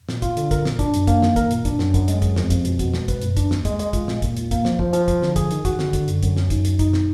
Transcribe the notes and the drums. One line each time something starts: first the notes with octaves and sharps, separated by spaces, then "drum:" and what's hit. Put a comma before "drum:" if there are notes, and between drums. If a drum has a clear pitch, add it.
A#2, drum: snare
F4, drum: kick, hi-hat
D3, drum: hi-hat
A#4, drum: kick, hi-hat
A#2, drum: snare
D4, drum: kick, hi-hat
F#2, drum: hi-hat
A#3, drum: kick, hi-hat
D#3, drum: snare
A#4, drum: kick, hi-hat
A#2, drum: hi-hat
D4, drum: kick, hi-hat
F#2, drum: snare
F#2, drum: kick, hi-hat
G#3, drum: hi-hat
G#4, drum: kick, hi-hat
F2, drum: snare
F2, drum: kick, hi-hat
B2, drum: hi-hat
B2, drum: kick, hi-hat
G#3, drum: snare
B4, drum: kick, hi-hat
F#2, drum: hi-hat
D4, drum: kick, hi-hat
D#2, drum: snare
G#3, drum: kick, hi-hat
G#3, drum: hi-hat
F4, drum: kick, hi-hat
A#2, drum: snare
A#2, drum: kick, hi-hat
D#2, drum: hi-hat
A#3, drum: kick, hi-hat
F3, drum: snare
F3, drum: kick
F3, drum: hi-hat
F3, drum: kick, hi-hat
D3, drum: snare
G#4, drum: kick, hi-hat
D#3, drum: hi-hat
F#4, drum: kick, hi-hat
D3, drum: snare
D3, drum: kick, hi-hat
F#2, drum: hi-hat
F#2, drum: kick, hi-hat
D2, drum: snare
D#4, drum: kick, hi-hat
F#2, drum: hi-hat
D#4, drum: kick, hi-hat
B2, drum: snare